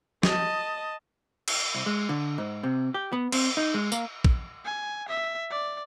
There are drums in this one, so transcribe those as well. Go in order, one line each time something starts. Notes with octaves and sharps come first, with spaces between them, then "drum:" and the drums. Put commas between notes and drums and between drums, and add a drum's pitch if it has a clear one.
D#5 A5, drum: snare
drum: cymbal
C2
G#3
D3
G#2
C3
G4
B3
C4, drum: cymbal
D#4
G#3
A#3, drum: tambourine
drum: kick
G#5
E5
D5